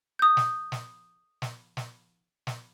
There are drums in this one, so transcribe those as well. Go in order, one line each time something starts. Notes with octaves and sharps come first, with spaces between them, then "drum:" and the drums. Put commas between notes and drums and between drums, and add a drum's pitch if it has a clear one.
D#6 G6
drum: snare
drum: snare
drum: snare
drum: snare
drum: snare